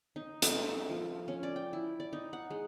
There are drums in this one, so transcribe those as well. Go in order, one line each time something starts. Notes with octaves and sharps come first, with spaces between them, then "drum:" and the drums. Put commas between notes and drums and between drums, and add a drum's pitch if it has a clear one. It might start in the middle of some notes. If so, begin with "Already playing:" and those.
D#4
A3, drum: hi-hat
E5
F3
C#4
D5
G5
E4
D5
D#4
F#5
G#3